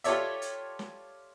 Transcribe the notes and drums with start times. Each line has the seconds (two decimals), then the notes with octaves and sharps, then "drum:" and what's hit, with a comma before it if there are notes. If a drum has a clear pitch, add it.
0.04 F4 G4 A4 C#5 D5 E5, drum: hi-hat
0.42 drum: hi-hat
0.79 drum: snare